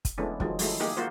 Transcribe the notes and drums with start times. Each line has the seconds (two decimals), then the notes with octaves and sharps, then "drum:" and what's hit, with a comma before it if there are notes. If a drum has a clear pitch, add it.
0.05 drum: kick, hi-hat
0.18 E3 G#3 A3 B3 C#4 D4
0.40 D#3 F3 F#3 G#3, drum: kick
0.59 F#3 G#3 A3 E4, drum: open hi-hat
0.80 A3 A#3 D#4 G4 G#4
0.97 A#3 F4 F#4 C5